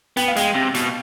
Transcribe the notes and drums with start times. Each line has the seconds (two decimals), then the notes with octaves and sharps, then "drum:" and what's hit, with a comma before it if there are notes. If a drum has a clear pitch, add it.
0.17 B3 G5, drum: hi-hat
0.28 F5
0.36 G#3 G5, drum: hi-hat
0.54 C3
0.74 B2, drum: hi-hat